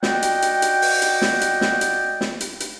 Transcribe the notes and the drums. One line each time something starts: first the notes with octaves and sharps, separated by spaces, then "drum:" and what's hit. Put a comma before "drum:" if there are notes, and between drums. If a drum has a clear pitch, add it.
F#4 D5 D#5 F#5 G5, drum: snare
drum: hi-hat
drum: hi-hat
drum: hi-hat
drum: open hi-hat
drum: hi-hat
drum: snare
drum: hi-hat
drum: snare
drum: hi-hat
drum: snare
drum: hi-hat
drum: hi-hat